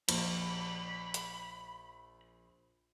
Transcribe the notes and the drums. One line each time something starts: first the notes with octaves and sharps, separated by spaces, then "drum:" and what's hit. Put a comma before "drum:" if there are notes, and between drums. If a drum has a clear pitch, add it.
A#1 B5, drum: cymbal
drum: hi-hat